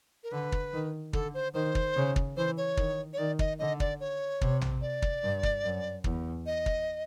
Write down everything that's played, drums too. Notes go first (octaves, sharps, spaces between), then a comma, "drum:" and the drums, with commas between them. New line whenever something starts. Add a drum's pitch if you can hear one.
A#4
D3 B4
drum: kick
D#3
D3 A4, drum: kick
C5
D#3 C5
drum: kick
C#3
drum: kick
E3 C5
C#5
D#3, drum: kick
C#5
D#3 D5
D#5, drum: kick
D3 D#5
D5, drum: kick
C#5
C3, drum: kick
drum: tom
D5
drum: kick
G2
drum: kick
F#2
E2, drum: kick
D#5
drum: kick